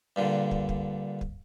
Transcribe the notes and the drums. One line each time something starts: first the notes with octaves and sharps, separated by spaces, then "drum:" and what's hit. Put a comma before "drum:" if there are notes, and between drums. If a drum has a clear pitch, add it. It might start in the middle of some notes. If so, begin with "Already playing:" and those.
G2 A#2 D3
drum: kick
drum: kick
drum: kick